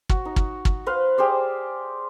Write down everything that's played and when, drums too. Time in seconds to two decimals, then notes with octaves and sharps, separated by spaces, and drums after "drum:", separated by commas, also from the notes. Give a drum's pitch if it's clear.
0.09 F#4, drum: kick
0.25 D#4
0.36 drum: kick
0.65 drum: kick
0.86 B4 C5 F5
1.18 G4 G#4 C5 D5